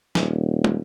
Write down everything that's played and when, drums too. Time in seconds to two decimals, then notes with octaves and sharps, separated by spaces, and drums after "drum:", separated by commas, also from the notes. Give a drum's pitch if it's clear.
0.15 D#1, drum: snare
0.64 drum: tom